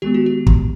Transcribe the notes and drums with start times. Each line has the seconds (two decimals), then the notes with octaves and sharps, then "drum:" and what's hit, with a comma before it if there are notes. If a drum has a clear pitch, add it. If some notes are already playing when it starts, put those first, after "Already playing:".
0.02 D#3 G#3 B3 G4
0.14 F#4
0.26 G4
0.47 drum: kick